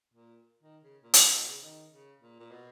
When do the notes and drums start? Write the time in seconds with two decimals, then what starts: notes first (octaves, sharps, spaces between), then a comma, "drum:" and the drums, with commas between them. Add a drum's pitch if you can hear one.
0.14 A#2
0.63 D#3
0.83 C#3
1.03 A#2
1.14 drum: hi-hat
1.33 B2
1.48 C#3
1.62 D#3
1.92 C#3
2.22 A#2
2.40 A#2
2.51 B2